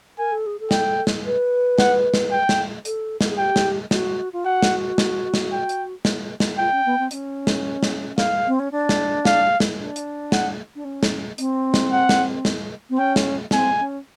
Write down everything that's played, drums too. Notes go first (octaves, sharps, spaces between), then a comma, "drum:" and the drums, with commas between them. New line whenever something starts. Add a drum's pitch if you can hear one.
A#4 G#5
A4
G#4
A4
G5, drum: snare
drum: snare
B4
F#5, drum: snare
drum: snare
G5
drum: snare
A4, drum: hi-hat
A4, drum: snare
G#4
G4 G5
drum: snare
F#4, drum: snare
F4
F#4 F#5
drum: snare
drum: snare
drum: snare
G5
drum: hi-hat
drum: snare
drum: snare
F4 G5
C#4
B3
C4
C#4, drum: hi-hat
drum: snare
drum: snare
F5, drum: snare
C4
C#4
D4
drum: snare
F5, drum: snare
drum: snare
D4
drum: hi-hat
F#5, drum: snare
D4
C#4
drum: snare
C4, drum: hi-hat
drum: snare
F#5
drum: snare
drum: snare
C4
C#4 G5
drum: snare
C4 G#5, drum: snare
C#4